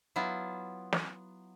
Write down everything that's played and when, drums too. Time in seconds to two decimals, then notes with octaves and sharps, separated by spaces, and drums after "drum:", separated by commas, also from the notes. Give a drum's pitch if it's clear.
0.16 F#3 B3 E4 F4
0.93 drum: snare